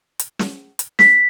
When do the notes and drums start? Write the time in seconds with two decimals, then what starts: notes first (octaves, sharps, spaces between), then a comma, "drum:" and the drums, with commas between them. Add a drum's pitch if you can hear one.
0.19 drum: hi-hat
0.39 drum: snare
0.79 drum: hi-hat
0.99 B6, drum: snare